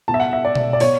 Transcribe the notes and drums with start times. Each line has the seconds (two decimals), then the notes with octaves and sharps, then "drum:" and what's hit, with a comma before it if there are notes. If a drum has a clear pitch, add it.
0.08 B2 A5
0.14 E5
0.20 F#5
0.33 E5
0.45 D5
0.55 drum: tom B2
0.73 D5
0.80 B2 C#5, drum: open hi-hat